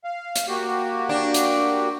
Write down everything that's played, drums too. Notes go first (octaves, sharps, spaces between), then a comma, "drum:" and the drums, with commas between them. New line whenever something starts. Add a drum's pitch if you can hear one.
F5
drum: hi-hat
A#3 F#4 G4
D4
drum: hi-hat